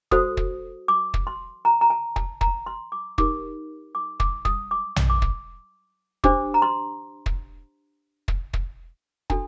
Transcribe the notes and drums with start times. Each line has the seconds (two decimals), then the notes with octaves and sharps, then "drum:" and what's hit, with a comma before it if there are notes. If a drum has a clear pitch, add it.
0.11 F#4 A4 C5 D#6, drum: kick
0.37 drum: kick
0.88 D6
1.14 drum: kick
1.27 C6
1.65 A#5
1.81 A#5
1.90 A5
2.16 A5, drum: kick
2.41 A#5, drum: kick
2.66 C6
2.92 D6
3.18 D#4 G4 A#4 D6, drum: kick
3.95 D6
4.20 D6, drum: kick
4.45 D#6, drum: kick
4.71 D6
4.96 drum: tom A#1
5.10 D6
5.22 drum: kick
6.24 D4 G4 C5 D6, drum: kick
6.54 A#5
6.62 C6
7.26 drum: kick
8.28 drum: kick
8.53 drum: kick
9.30 D4 F#4 A4 A5, drum: kick